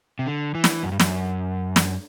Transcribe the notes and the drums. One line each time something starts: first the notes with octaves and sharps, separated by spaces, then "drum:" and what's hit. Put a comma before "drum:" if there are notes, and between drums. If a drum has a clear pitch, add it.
C3
D3
E3
drum: snare
F#2
G2
F#2, drum: snare
drum: snare